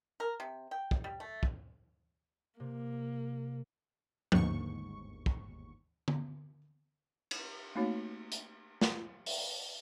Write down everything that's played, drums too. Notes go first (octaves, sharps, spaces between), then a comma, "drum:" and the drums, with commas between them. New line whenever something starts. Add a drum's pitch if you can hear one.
A#4
C3
G5
drum: kick
G3
A3
drum: kick
C3 A#3
G1 D#2 G#2 C#6, drum: tom F3
drum: kick
drum: tom D3
drum: cymbal
A3 A#3 C4 D#4 F#4 C#5
drum: hi-hat
drum: snare
drum: open hi-hat